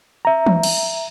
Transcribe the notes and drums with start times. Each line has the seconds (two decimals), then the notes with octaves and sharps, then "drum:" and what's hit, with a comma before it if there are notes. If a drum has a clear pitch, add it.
0.25 E5 A#5
0.46 drum: tom E3
0.63 drum: cymbal